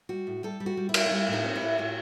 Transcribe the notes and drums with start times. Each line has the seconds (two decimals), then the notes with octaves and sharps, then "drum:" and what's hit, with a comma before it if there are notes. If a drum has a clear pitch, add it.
0.09 G3 F#4
0.27 A2
0.43 G3 A4
0.60 G3
0.66 F#4
0.77 G3
0.89 E4
0.94 G3, drum: cymbal
1.06 D#4
1.11 G3 E4
1.28 A2
1.33 D#4
1.44 C4
1.55 E4
1.61 A2
1.78 A2 F#4